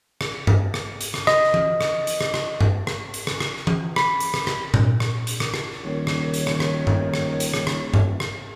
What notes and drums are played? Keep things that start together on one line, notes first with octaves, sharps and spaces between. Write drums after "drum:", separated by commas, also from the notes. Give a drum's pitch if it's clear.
drum: rim click
drum: tom G2
drum: rim click
drum: hi-hat
drum: rim click
D#5, drum: rim click
drum: tom E3
drum: rim click
drum: hi-hat
drum: rim click
drum: rim click
drum: tom G2
drum: rim click
drum: hi-hat
drum: rim click
drum: rim click
drum: tom E3
B5, drum: rim click
drum: hi-hat
drum: rim click
drum: rim click
drum: tom A#2
drum: rim click
drum: hi-hat
drum: rim click
drum: rim click
D#1 D#3 C#5
drum: rim click
drum: hi-hat
drum: rim click
drum: rim click
drum: tom G2
drum: rim click
drum: hi-hat
drum: rim click
drum: rim click
drum: tom G2
drum: rim click